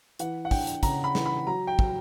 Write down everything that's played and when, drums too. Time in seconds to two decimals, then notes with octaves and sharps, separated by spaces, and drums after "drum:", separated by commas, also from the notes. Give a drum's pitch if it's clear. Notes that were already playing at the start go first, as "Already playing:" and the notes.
0.19 E3 F#5, drum: hi-hat
0.45 F#5
0.51 D4 G5, drum: kick, open hi-hat
0.67 drum: hi-hat
0.83 C#3 A#5, drum: kick, hi-hat
1.04 B5
1.15 E3, drum: snare
1.26 B5
1.47 F#3 A#5
1.67 G5
1.79 F#3, drum: kick